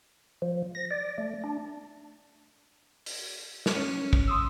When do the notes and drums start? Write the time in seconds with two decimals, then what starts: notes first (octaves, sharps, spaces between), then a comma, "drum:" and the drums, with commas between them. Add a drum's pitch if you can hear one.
0.42 F3
0.75 A#6
0.91 D5
1.18 A3
1.44 D4
3.06 drum: open hi-hat
3.66 drum: snare
3.75 C#4
4.13 drum: kick
4.27 C6 D#6 E6